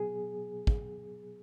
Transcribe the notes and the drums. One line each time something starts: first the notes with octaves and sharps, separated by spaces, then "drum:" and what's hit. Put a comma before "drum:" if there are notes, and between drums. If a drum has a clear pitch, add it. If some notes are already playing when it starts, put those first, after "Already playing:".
Already playing: B2 F#3 B3 G#4
drum: kick